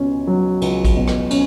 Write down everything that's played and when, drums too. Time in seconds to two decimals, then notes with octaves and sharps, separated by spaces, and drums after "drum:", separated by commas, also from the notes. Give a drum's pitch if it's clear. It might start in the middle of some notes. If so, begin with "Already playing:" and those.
Already playing: C#2 B2 C#4
0.27 F#3
0.61 C#2, drum: cymbal
0.85 drum: kick A#1, cymbal
0.97 B2
1.08 drum: rim click
1.31 C#4, drum: cymbal